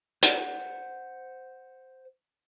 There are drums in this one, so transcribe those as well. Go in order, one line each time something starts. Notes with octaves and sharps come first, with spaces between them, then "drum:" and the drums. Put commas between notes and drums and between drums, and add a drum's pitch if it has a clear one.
C5 F#5, drum: hi-hat